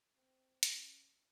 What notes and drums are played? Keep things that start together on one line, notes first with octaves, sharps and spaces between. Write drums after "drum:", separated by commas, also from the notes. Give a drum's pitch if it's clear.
C4
C#4, drum: hi-hat